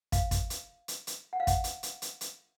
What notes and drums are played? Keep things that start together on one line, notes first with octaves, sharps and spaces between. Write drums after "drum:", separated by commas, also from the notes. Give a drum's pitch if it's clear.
F5, drum: kick, hi-hat
drum: kick, hi-hat
drum: hi-hat
drum: hi-hat
drum: hi-hat
F#5
F5
F#5, drum: kick, hi-hat
drum: hi-hat
drum: hi-hat
drum: hi-hat
drum: hi-hat